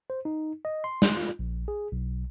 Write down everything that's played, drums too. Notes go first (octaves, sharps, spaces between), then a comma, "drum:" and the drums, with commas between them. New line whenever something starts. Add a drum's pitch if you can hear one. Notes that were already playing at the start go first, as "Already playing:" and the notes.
C5
D#4
D#5
C6
drum: snare
F4
A#1
G#4
B1